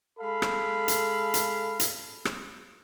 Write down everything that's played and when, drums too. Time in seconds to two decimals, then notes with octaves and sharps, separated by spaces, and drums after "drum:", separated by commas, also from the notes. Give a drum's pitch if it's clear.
0.19 G#3 A4 F5 B5
0.42 drum: rim click
0.88 drum: hi-hat
1.34 drum: hi-hat
1.80 drum: hi-hat
2.25 drum: rim click